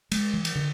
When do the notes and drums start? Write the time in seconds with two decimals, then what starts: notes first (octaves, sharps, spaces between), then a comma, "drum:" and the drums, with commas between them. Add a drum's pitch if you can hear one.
0.12 G#3, drum: cymbal
0.34 E3
0.45 drum: cymbal
0.56 D3